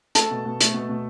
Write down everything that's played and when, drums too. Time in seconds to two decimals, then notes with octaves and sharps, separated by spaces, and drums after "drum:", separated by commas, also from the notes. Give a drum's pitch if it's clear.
0.15 A3 A4 A5, drum: hi-hat
0.31 B2
0.45 B2
0.61 A3, drum: hi-hat
0.74 B2
0.89 B2